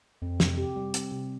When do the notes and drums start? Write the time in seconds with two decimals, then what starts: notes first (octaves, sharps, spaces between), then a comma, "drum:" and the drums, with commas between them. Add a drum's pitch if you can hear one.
0.22 F2 C4
0.40 C3, drum: snare
0.58 G4
0.76 G3
0.94 C4, drum: hi-hat
1.12 C3